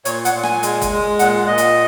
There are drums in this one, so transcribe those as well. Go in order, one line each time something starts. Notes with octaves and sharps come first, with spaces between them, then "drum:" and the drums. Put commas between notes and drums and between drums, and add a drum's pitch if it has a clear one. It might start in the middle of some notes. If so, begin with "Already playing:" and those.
A#2 C#5, drum: hi-hat
F#5, drum: hi-hat
A#2
G#5, drum: rim click
G#3, drum: hi-hat
drum: kick, hi-hat
G#3
A#2 F#5, drum: hi-hat
A#2 D#5
drum: hi-hat